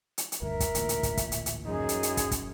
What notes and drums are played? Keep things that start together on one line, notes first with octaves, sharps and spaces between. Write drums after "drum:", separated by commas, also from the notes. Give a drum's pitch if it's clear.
drum: hi-hat
drum: hi-hat
D#1 D2 G2 A#4 E5
drum: kick, hi-hat
A1 D2 A#2, drum: hi-hat
drum: hi-hat
drum: kick, hi-hat
drum: kick, hi-hat
drum: hi-hat
drum: hi-hat
F#2 D#4 G#4
drum: hi-hat
drum: hi-hat
drum: kick, hi-hat
drum: kick, hi-hat